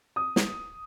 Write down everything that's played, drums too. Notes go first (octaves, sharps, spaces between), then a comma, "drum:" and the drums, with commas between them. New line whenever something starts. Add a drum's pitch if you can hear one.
D#6
drum: snare